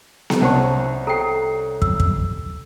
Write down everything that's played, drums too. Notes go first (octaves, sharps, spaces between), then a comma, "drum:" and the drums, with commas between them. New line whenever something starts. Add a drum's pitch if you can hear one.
drum: snare B3
C2 C#4 C5 F#5 A5 C#6
A4 G5 A#5 C7
E6, drum: kick
drum: kick